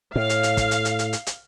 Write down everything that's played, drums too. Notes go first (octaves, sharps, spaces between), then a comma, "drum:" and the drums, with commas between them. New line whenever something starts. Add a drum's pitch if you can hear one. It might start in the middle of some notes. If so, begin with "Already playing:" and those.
A2 F5
drum: hi-hat
drum: hi-hat
drum: kick, hi-hat
drum: hi-hat
drum: hi-hat
drum: hi-hat
drum: hi-hat
drum: hi-hat